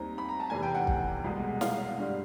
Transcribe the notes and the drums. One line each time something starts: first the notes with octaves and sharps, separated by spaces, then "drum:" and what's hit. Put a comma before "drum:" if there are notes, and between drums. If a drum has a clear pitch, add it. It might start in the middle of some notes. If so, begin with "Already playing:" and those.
Already playing: D#2 D#3 G3 C4 A#5
B5
A#5
A5
F1 E2 C3 E3 G#5
G5
F#5
drum: kick
C2 B2 G#3
F5, drum: snare
G2 D3 G3